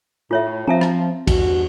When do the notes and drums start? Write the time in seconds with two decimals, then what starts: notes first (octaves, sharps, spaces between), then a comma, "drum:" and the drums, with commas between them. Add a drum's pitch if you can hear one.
0.31 A2 F4 C#5 E5
0.67 F3 C4 E5 A5 A#5
0.81 drum: rim click
1.27 E2 G2 F#4, drum: kick, cymbal